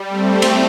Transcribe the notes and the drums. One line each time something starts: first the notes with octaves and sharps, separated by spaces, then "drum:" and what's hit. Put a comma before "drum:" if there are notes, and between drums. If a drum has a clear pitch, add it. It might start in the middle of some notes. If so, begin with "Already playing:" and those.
Already playing: G3
A3 C4
drum: cymbal